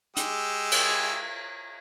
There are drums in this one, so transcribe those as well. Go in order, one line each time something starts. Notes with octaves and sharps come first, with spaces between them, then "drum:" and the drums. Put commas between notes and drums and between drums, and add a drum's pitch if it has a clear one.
G#3 G4 E6, drum: hi-hat
drum: cymbal